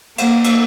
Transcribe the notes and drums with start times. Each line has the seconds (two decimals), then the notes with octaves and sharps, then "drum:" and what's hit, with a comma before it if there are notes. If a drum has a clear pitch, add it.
0.18 A#3, drum: cymbal
0.44 drum: cymbal